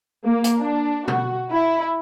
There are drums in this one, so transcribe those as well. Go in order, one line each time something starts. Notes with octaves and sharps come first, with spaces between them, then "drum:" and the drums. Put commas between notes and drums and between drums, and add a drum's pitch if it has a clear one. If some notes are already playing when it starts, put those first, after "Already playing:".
A#3
drum: hi-hat
D4
F#4, drum: tom B2
E4